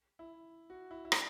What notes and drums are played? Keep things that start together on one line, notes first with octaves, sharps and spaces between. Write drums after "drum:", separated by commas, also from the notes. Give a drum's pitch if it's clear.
E4
F#4
E4
E4
D4, drum: rim click